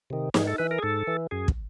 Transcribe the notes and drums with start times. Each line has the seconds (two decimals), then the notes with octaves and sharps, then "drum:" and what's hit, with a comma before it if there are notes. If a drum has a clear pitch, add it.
0.10 C3 D#3
0.34 G#2 G#4, drum: snare
0.47 A4
0.58 E3 B4
0.71 A#4
0.78 G#4
0.83 G#2 A4
1.07 E3
1.31 F#2 G#4
1.48 drum: kick